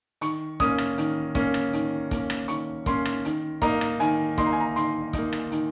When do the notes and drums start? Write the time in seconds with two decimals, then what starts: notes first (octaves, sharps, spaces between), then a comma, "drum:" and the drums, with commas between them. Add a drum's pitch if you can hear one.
0.21 D#3 C#6, drum: hi-hat
0.60 A#3 C#4 D#6, drum: kick, hi-hat
0.78 drum: rim click
0.98 D#3, drum: hi-hat
1.35 A#3 C#4, drum: kick, hi-hat
1.54 drum: rim click
1.73 D#3, drum: hi-hat
2.11 A#3 C#4, drum: kick, hi-hat
2.30 drum: rim click
2.48 D#3 C#6, drum: hi-hat
2.86 A#3 C#4 C6, drum: kick, hi-hat
3.05 drum: rim click
3.25 D#3, drum: hi-hat
3.62 A#3 D#4 A#5, drum: kick, hi-hat
3.81 drum: rim click
4.00 D#3 G#5, drum: hi-hat
4.38 A#3 D#4 C6, drum: kick, hi-hat
4.46 A#5
4.53 G#5
4.60 A#5
4.76 D#3 C6, drum: hi-hat
5.13 A#3 D#4, drum: kick, hi-hat
5.33 drum: rim click
5.52 D#3, drum: hi-hat